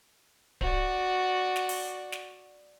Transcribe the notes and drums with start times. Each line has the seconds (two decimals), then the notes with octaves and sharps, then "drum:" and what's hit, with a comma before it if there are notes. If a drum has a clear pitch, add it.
0.61 F#4 D5, drum: kick D1
1.56 drum: snare
1.69 drum: open hi-hat
2.12 drum: snare